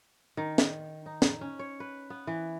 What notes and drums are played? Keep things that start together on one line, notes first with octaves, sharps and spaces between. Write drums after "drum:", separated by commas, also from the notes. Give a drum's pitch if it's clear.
D#3
drum: snare
D#4
drum: snare
C#4
C#5
B4
B3
E3